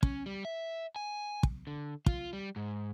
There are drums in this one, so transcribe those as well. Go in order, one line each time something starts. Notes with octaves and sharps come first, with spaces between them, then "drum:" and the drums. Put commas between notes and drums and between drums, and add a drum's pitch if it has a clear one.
C#4, drum: kick
G3
E5
G#5
drum: kick
D3
F4, drum: kick
G3
G#2